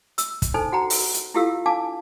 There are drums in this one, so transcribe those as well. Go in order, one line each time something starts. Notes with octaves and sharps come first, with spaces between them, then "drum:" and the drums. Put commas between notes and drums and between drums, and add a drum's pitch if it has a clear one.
E6, drum: hi-hat
drum: kick, hi-hat
D4 D#4 A4 C5 G#5
F#4 F#5 G5 A#5
drum: open hi-hat
drum: hi-hat
E4 F4 G4 A4 F5 E6
D4 F5 G#5 A5 D6